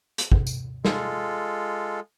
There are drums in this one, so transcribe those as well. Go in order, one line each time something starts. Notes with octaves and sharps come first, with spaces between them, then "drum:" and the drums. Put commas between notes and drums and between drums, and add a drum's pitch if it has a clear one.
drum: hi-hat
drum: kick
drum: tambourine
G#3 F4 A4, drum: snare